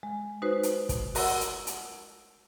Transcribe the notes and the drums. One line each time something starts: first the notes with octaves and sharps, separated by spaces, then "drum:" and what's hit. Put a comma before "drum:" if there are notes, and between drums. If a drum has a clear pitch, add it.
G#3
D#4 F#4 B4 C5
drum: hi-hat
drum: kick, hi-hat
F#4 A#4 C#5 F#5 E6, drum: open hi-hat
drum: hi-hat
drum: hi-hat